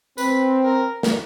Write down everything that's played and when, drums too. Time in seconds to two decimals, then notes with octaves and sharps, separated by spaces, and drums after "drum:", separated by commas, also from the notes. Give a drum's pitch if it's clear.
0.18 C4 B4, drum: tambourine
0.65 A#4
1.03 drum: snare